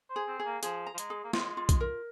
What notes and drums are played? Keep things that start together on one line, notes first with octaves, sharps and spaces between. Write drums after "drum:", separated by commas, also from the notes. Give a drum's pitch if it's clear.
C5
G#4
C4
G#4
A#3
F3 G#4, drum: hi-hat
A#5
F3
G#3, drum: hi-hat
G#4
A#3
G#3 F4, drum: snare
F4
drum: kick B1, hi-hat
A#4